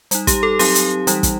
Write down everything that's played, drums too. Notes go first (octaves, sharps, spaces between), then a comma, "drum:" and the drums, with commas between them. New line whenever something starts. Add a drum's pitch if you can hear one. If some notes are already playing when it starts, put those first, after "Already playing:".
G3 D#4, drum: hi-hat
G4, drum: kick, hi-hat
A4
F#3 C4 D#4 G4, drum: open hi-hat
drum: hi-hat
E3 G3 D#4, drum: hi-hat
drum: kick, hi-hat